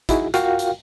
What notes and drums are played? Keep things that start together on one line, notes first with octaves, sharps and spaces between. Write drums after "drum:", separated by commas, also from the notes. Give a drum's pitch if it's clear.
D#4 E4 F#4 G#4, drum: kick, hi-hat
F4 F#4 A#4 F5 G5, drum: hi-hat
drum: hi-hat